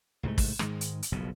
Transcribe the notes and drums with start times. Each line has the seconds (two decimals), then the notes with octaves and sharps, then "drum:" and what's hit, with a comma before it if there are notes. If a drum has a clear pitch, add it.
0.23 C2 G#2 F#3 A3
0.38 drum: kick, open hi-hat
0.59 G#2 D#3 G#3, drum: rim click
0.81 drum: hi-hat
1.03 drum: hi-hat
1.12 F#1 B1 F2 B2